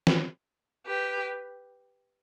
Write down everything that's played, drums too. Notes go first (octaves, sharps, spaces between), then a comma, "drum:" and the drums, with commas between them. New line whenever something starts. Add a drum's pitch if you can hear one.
drum: snare
G4 B4